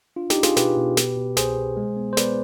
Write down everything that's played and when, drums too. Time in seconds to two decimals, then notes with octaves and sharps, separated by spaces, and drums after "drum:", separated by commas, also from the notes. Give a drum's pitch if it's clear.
0.16 D4 F4
0.30 D#4 G4, drum: snare
0.37 D4
0.43 F4 G#4, drum: snare
0.57 B2 G4 B4, drum: snare
0.77 B2
0.97 B2, drum: snare
1.17 B2
1.37 C2 G#4 C5, drum: snare
1.57 B2
1.77 G#3
1.97 B3
2.13 C5
2.17 B3 B4 D5, drum: snare